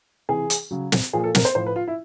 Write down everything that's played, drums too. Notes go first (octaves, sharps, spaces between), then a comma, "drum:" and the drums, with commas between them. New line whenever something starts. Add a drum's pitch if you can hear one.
C3 E3 G#4
drum: hi-hat
C#3 F#3
drum: snare
A#2 F3 G#4
A4
A#4, drum: snare
C5
A2 F3 C5
B4
F4
E4